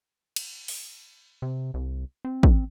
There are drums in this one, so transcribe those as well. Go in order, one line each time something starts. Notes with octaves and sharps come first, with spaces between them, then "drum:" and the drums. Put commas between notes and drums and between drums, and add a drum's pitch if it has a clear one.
drum: cymbal
drum: open hi-hat
C3
C2
C4
drum: kick